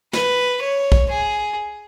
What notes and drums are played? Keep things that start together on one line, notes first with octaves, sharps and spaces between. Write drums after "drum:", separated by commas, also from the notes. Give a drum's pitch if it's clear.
B4, drum: snare
C#5
drum: kick B1
G#4